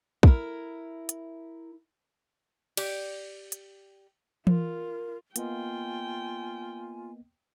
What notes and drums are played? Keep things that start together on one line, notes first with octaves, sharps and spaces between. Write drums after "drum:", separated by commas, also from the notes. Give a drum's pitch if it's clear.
E4 A#4, drum: kick
drum: hi-hat
G4 D5, drum: cymbal
drum: hi-hat
F4 A#4, drum: tom E3
A#3 B3 F4 D#5 G5 G#5, drum: hi-hat